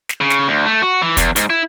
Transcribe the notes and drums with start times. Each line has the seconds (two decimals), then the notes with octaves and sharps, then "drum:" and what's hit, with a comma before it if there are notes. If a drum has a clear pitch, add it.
0.09 drum: snare
0.21 C#3
0.30 drum: snare
0.48 D2
0.66 A3
0.82 F#4
1.02 E3
1.17 E2, drum: kick, hi-hat
1.36 G#2, drum: hi-hat
1.50 E4